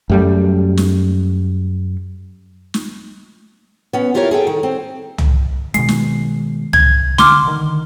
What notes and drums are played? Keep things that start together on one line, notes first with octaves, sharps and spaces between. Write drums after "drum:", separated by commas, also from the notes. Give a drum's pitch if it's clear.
F#2 G3 A3
drum: snare
drum: snare
B3 C#4
E4 F4 G4 A#4 C5 C#5
G#4 A4 G5
D#3
C4
drum: tom
B2 D#3 G#3 C7, drum: hi-hat
drum: snare
C2 G#6, drum: tom
D3 C6 D6 F6, drum: snare
D3 D#3